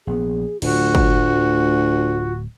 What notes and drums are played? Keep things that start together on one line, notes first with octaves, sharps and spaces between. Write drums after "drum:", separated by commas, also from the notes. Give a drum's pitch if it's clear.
A#1 B3 G#4
D1 D2 F4 F#4, drum: cymbal
drum: kick